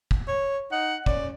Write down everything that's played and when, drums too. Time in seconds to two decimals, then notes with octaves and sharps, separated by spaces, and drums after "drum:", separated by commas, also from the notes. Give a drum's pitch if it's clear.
0.11 drum: kick
0.28 C#5
0.72 D#4 F#5
1.06 C#4 D5, drum: kick